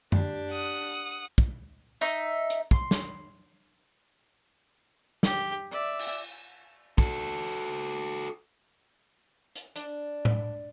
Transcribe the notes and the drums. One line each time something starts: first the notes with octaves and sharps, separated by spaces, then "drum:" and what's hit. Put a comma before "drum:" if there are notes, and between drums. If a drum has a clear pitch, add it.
D4 G4, drum: tom F#2
F#5 D#6
drum: kick
D#4 E5, drum: tambourine
drum: hi-hat
C6, drum: kick
drum: snare
G4, drum: snare
D5 E5
drum: cymbal
F#4 A4, drum: kick
drum: hi-hat
D4, drum: hi-hat
drum: tom A2